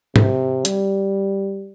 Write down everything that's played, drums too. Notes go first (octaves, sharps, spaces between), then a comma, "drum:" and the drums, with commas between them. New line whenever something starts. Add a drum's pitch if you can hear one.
C3, drum: tom G#2
G3, drum: hi-hat